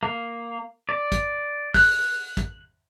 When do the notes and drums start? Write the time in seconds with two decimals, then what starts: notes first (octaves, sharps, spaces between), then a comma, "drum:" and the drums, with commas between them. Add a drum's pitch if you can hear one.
0.03 A#3
0.89 D5
1.12 drum: kick, hi-hat
1.74 F#6, drum: kick, open hi-hat
2.37 drum: kick, hi-hat